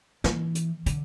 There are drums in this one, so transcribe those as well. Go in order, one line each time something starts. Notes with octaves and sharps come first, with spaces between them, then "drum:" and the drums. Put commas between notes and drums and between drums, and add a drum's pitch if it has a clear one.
E3, drum: snare
drum: hi-hat
D3, drum: hi-hat